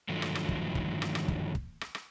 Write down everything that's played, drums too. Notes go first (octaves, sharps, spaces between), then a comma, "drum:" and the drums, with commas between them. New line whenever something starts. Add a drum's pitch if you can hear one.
G2 D3 D#3 F3 F#3 A3
drum: rim click
drum: rim click
drum: kick
drum: kick
drum: rim click
drum: rim click
drum: kick
drum: kick
drum: rim click
drum: rim click